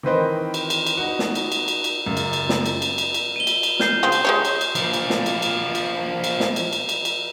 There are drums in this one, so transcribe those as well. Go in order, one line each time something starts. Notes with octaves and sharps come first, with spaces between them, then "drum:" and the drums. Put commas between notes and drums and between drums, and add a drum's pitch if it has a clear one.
D#3 E3 C4 B4 C5 D#5
drum: cymbal
drum: cymbal
drum: cymbal
D#4 F#4
drum: snare
drum: cymbal
drum: cymbal
drum: cymbal
drum: cymbal
F#2 C#3
drum: cymbal
drum: cymbal
drum: snare
drum: cymbal
drum: cymbal
drum: cymbal
drum: cymbal
D#7 G7
drum: cymbal
drum: cymbal
F6 G6 C7, drum: snare
C#3 F3 C4
drum: cymbal
G#3 G4 C#5
drum: cymbal
drum: cymbal
F3 D4, drum: cymbal
drum: cymbal
drum: snare
drum: cymbal
drum: cymbal
drum: cymbal
drum: cymbal
drum: snare
drum: cymbal
drum: cymbal
drum: cymbal
drum: cymbal